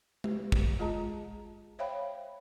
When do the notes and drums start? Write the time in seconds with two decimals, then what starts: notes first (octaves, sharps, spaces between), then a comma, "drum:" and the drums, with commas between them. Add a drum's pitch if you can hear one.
0.24 G4, drum: tom G#3
0.52 drum: kick
0.79 G#3 F4 G#4 D#5 A5 A#5
1.79 C5 C#5 E5 F5 G5 B5